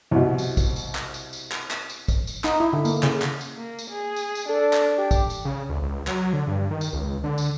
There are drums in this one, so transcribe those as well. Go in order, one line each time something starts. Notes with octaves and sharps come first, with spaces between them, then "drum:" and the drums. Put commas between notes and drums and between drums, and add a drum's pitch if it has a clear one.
C2 B2
drum: tambourine
drum: kick, tambourine
drum: tambourine
drum: clap
drum: tambourine
drum: tambourine
drum: clap
drum: clap
drum: tambourine
drum: kick, tambourine
drum: tambourine
D#4, drum: clap
E4
D3
A#3, drum: tambourine
C#3, drum: clap
drum: clap
drum: tambourine
A#3
drum: tambourine
G#4
drum: tambourine
drum: tambourine
D4 A4
drum: clap
G4
drum: kick, tambourine
drum: tambourine
C#3
D2
C#2
F#3, drum: clap
D3
G2
D#3
drum: tambourine
C#2
D3
drum: tambourine